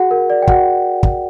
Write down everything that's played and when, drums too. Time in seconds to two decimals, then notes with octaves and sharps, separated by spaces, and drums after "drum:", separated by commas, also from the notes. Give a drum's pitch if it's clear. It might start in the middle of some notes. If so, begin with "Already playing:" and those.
Already playing: F#4 G#4 F#5
0.11 A#4
0.30 D5
0.42 G5
0.47 F#4 F#5, drum: kick
1.03 drum: kick